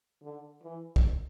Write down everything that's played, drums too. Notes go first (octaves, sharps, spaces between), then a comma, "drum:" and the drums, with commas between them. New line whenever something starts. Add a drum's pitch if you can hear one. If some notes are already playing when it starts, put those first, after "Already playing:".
D3
E3
drum: kick